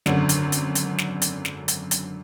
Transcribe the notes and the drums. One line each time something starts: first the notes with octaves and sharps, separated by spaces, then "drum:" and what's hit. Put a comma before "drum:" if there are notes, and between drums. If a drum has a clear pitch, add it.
G#1 F#2 D3, drum: snare
drum: hi-hat
drum: hi-hat
drum: hi-hat
drum: snare
drum: hi-hat
drum: snare
drum: hi-hat
drum: hi-hat